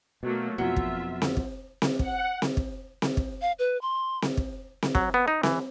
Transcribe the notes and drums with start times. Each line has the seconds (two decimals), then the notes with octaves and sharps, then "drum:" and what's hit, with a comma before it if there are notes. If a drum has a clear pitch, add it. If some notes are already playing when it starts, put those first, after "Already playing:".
0.23 B2 F#3 A3 A#3
0.58 F2 B2 F#3 F4 E5
0.76 drum: kick
1.22 drum: snare C4
1.37 drum: kick
1.82 drum: snare C4
1.99 F#5, drum: kick
2.42 drum: snare C4
2.57 drum: kick
3.02 drum: snare C4
3.17 drum: kick
3.42 F5
3.59 B4
3.82 C6
4.22 drum: snare C4
4.37 drum: kick
4.82 drum: snare C4
4.95 F#3, drum: kick
5.14 B3
5.28 D#4
5.43 E3, drum: snare C4